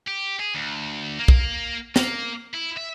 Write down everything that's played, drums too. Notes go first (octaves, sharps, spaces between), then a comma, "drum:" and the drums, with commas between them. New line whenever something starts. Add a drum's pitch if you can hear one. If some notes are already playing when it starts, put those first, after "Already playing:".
G4
G#4
D2
A#3
drum: kick
A#3, drum: snare
E4
E5